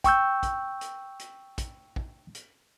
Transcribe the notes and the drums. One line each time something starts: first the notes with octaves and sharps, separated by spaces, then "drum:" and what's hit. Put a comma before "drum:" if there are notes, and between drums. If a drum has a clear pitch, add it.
G5 C#6 E6 G6, drum: kick, hi-hat
drum: kick, hi-hat
drum: hi-hat
drum: hi-hat
drum: kick, hi-hat
drum: kick
drum: hi-hat